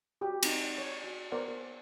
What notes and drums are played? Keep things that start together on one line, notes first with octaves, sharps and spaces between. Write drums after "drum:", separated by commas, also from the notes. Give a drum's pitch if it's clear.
F#4 G4
C4 D#4, drum: cymbal
C#5
F#4
B3 A#4 C5 D5 F#5
A#4